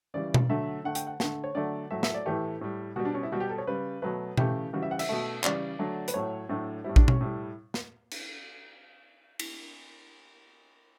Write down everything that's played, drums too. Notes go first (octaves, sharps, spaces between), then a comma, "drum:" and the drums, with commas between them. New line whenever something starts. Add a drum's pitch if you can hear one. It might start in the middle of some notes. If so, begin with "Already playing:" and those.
C#3 E3 G3 D5
drum: tom B2
D3 F#3 A3 E5
D3 A3 F#5
G5, drum: hi-hat
F#5
D3 A3 F#5, drum: snare
C#5
D3 F#3 A3 D5
A2 F#3 A3 E5
E5, drum: snare
D5
A2 E3 A3 G4
A2 G3
B2 G3 F#4
D4
C#4
E4
B2 G3 F#4
G4
A4
C#5
C#3 G3 B4
B2 F#3 A3 B4
C#3 E3 A3 G4, drum: tom B2
C#3 E3 G3 F#4
E5
F#5
E5, drum: cymbal
B2 A3
C#3 E3 G3 D5, drum: clap
D3 F#3 A3
B4, drum: hi-hat
A2 F#3 A3 C#5
A2 F#3 A3 D4
A2 G3 E4
D4, drum: kick A#1
C#4, drum: tom B2
A2 G3 E4
drum: snare
drum: cymbal
drum: cymbal